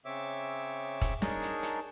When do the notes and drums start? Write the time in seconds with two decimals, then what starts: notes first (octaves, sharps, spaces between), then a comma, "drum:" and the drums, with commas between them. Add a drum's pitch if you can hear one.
0.05 C#3 C4 C#5 E5 D6 E6
1.01 drum: kick, hi-hat
1.22 D4 D#4 G#4 A#4 C#5 A5, drum: snare
1.42 drum: hi-hat
1.63 drum: hi-hat